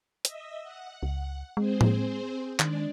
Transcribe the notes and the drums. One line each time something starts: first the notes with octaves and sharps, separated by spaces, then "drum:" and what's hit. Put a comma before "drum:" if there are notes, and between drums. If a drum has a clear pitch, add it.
D#5 E5, drum: hi-hat
F#5
C#2
G#3 C4 G#4 C5
drum: tom A2
D#3 G#3 D4 D5, drum: clap